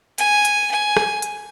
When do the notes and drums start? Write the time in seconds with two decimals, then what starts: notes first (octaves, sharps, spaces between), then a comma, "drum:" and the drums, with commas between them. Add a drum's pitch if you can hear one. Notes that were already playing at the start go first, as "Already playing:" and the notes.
0.18 G#5, drum: hi-hat
0.45 drum: hi-hat
0.71 G#5
0.97 drum: rim click
1.22 drum: hi-hat